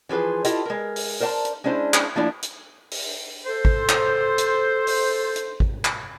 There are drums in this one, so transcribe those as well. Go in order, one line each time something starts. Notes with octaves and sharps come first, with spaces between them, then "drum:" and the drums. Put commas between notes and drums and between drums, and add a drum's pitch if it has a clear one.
E3 F3 G#4 B4 C5
E4 F4 G4 A4 D#5, drum: hi-hat
G#3 A#4
drum: open hi-hat
A#4 C5 D5 F5 A5 A#5
drum: hi-hat
G#3 C#4 D4 E4 C5
drum: clap
F3 A3 A#3 D4 E4 D5
drum: hi-hat
drum: open hi-hat
A4 C5
drum: kick
drum: clap
drum: hi-hat
drum: open hi-hat
drum: hi-hat
drum: kick
drum: clap